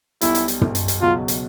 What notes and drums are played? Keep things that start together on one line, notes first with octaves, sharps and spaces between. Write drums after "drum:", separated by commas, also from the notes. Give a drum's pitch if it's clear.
B1 B2 G3 E4, drum: hi-hat
drum: hi-hat
drum: hi-hat
drum: tom
drum: hi-hat
drum: hi-hat
C#2 B2 F#3 F4
drum: hi-hat